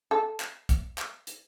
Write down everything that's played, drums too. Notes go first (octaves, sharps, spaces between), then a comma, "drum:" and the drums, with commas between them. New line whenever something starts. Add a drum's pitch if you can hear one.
A4
drum: clap
drum: kick, hi-hat
drum: clap
drum: hi-hat